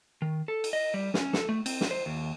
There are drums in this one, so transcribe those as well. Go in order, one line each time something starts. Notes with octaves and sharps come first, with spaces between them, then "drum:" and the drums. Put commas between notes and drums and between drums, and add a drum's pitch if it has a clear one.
D#3
A4
drum: cymbal
D#5
G3
C#4, drum: snare
A4, drum: snare
A3
C4, drum: cymbal
drum: snare
C5
D#2